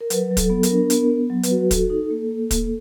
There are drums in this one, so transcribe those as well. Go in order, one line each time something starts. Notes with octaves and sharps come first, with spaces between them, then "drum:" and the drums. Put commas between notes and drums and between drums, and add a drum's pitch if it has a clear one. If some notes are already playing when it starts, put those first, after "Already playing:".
A#4
F#3 B4, drum: hi-hat
F#3
A4, drum: kick, hi-hat
B3
A#4, drum: hi-hat
D4
B3 A#4, drum: hi-hat
B3
F#3
B4, drum: hi-hat
F#4
F#4 A4, drum: kick, hi-hat
D#4
A#3
A#3
A#3, drum: kick, hi-hat